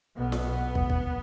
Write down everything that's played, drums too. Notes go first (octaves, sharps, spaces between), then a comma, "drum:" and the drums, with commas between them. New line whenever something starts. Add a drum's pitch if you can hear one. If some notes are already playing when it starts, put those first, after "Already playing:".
B1 B2 B3
drum: snare
drum: kick
drum: kick